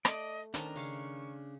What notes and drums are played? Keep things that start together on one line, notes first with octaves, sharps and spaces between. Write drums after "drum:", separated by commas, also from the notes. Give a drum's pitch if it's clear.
A3 D5 D#5, drum: rim click
D#3 C#4 D4 C5 D#5 A5 A#5, drum: hi-hat
C#3 F5 C#6 D6